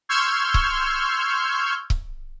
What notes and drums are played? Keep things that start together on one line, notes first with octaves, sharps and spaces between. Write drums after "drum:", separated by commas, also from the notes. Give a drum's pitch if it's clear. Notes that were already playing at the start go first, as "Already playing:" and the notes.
C6 C#6 E6 F6 G6 G#6
drum: kick C#1
drum: kick C#1